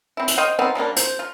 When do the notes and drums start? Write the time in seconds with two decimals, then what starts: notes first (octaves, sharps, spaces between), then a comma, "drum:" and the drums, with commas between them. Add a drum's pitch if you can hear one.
0.17 C4 E4
0.28 drum: hi-hat
0.38 C5 D#5 F5 G5
0.59 B3 C4 D#4 F4
0.75 F3 G3 A#3 D4
0.97 C5, drum: hi-hat
1.19 F4